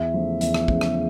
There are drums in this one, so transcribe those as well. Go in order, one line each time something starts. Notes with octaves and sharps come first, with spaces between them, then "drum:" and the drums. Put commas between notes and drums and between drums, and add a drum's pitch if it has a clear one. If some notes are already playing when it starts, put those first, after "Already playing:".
Already playing: E2 E5
C#3 F3 A3
E2 E5, drum: hi-hat
drum: rim click
C#3 F3 A3, drum: kick
drum: rim click